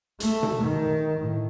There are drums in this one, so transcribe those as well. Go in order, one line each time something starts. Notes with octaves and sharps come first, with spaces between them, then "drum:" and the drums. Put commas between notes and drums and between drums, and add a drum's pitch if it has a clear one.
A3, drum: hi-hat
drum: tom B2
D#3
A2